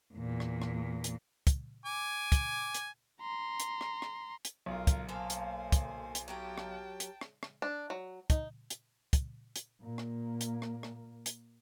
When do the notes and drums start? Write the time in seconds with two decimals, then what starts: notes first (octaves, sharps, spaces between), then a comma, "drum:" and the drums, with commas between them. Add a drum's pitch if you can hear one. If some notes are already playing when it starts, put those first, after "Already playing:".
0.14 E2 A#2
0.40 drum: rim click
0.62 drum: rim click
1.04 drum: hi-hat
1.47 drum: kick, hi-hat
1.85 G#5 D6
2.32 drum: kick, hi-hat
2.74 drum: hi-hat
3.21 A#5 C6
3.60 drum: hi-hat
3.81 drum: rim click
4.02 drum: rim click
4.45 drum: hi-hat
4.66 B1 F4 A#4
4.87 drum: kick, hi-hat
5.09 A#3 A4 C5 F5 G#5
5.30 drum: hi-hat
5.72 drum: kick, hi-hat
6.15 drum: hi-hat
6.28 F#3 G4 A#4 G5 A5
6.58 drum: rim click
7.00 drum: hi-hat
7.21 drum: rim click
7.43 drum: rim click
7.62 D4
7.90 F#3
8.30 D#4, drum: kick, hi-hat
8.70 drum: hi-hat
9.13 drum: kick, hi-hat
9.56 drum: hi-hat
9.81 A#2 A#3
9.98 drum: rim click
10.41 drum: hi-hat
10.62 drum: rim click
10.83 drum: rim click
11.26 drum: hi-hat